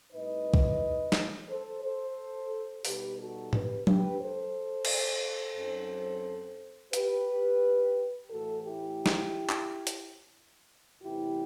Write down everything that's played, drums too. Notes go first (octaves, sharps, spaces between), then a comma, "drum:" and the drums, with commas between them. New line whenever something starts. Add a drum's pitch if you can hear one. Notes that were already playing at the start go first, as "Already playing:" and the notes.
A2 G3 C4 D#4 B4 D#5
drum: kick
drum: snare
A4 C5
A4 C5
B2 G3 D#4 G4 B4, drum: open hi-hat
F#4 A4
G4 B4, drum: tom G#2
G4 B4, drum: tom F#3
A4 C5
drum: cymbal
F#2 F#3 C4 D#4
G4 B4, drum: hi-hat
A2 E3 A3 F#4 A4
E4 G4
drum: snare
drum: clap
drum: hi-hat
E2 C3 E3 A3 E4 G4